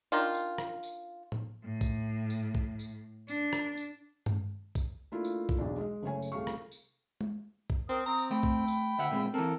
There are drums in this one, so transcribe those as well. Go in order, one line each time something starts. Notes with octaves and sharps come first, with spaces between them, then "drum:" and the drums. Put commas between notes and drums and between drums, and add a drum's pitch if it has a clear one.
D#3 D4 F4
drum: tambourine
drum: rim click
drum: tambourine
drum: tom A2
A2
drum: kick A#1, tambourine
drum: tambourine
drum: kick A#1
drum: tambourine
D4, drum: tambourine
drum: rim click
drum: tambourine
drum: tom G2
drum: kick A#1, tambourine
A3 A#3 D4 E4 F4
drum: tambourine
drum: kick A#1
B1 E2 D4
G#3 D#5
F#1 A3 C#5 G#5
drum: tambourine
C2 A3 G#4 F5 C#6
drum: rim click
drum: tambourine
drum: tom G#3
drum: kick A#1
C4 A#4 D#6
C4 A#5
drum: tambourine
A3 G5 B5
drum: kick A#1
drum: tambourine
D2 E5 F#5
A#2 G#3 C4
E3 C4 A4 A#4